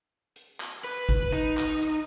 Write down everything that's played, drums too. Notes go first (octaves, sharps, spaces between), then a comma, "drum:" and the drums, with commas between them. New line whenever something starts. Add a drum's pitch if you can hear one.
drum: hi-hat
drum: clap
B4
drum: kick, hi-hat
D#4, drum: hi-hat
drum: clap
drum: hi-hat